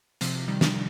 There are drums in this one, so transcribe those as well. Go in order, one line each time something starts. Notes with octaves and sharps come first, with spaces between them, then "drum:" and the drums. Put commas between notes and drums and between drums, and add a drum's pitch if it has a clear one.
C3 F3, drum: hi-hat
D#3 G3
drum: snare